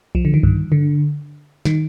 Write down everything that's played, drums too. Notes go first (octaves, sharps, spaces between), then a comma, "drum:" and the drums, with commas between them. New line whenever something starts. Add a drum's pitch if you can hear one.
F3, drum: kick B1
D3
D#3
G2, drum: kick B1
D3
D#3, drum: snare